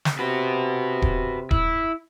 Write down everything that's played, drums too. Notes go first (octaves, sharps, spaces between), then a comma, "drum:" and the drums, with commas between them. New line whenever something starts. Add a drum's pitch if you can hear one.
drum: snare
C3 F#4 B4
drum: kick D#1
E4, drum: kick D#1